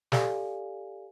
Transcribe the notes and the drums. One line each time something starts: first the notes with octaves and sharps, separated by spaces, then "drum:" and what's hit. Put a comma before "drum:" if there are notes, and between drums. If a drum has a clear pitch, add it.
G4 A4 D5 F5 G#5, drum: snare